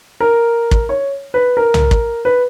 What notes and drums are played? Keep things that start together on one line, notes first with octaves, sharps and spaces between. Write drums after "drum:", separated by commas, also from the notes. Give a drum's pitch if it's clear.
A#4
drum: kick
C#5
B4
A#4
drum: tom C2
drum: kick
B4